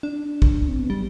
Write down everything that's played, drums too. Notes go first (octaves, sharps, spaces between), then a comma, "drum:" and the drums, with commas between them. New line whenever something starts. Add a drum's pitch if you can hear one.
D4
drum: kick
C4
B3
G3